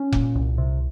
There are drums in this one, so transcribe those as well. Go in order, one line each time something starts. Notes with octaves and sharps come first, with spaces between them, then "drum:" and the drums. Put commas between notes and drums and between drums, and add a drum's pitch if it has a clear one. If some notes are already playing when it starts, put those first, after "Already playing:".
Already playing: C#4
A#2, drum: kick F1
C2
C3